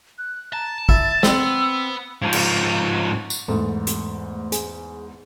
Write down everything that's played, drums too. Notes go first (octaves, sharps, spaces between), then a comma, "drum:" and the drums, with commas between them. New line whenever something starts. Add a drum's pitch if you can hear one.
F#6
A5 A#5
E4 A6, drum: kick
B3 C4 E6, drum: snare
G#2 F3
drum: cymbal
drum: tambourine
E2 G#2 A3
drum: hi-hat
G#4, drum: hi-hat